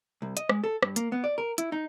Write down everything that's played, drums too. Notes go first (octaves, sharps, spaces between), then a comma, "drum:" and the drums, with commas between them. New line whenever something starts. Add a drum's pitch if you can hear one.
C2
D#5, drum: hi-hat
G#3, drum: rim click
A4
G2, drum: rim click
A#3, drum: hi-hat
B3
D5
A#4
E4, drum: hi-hat
D#4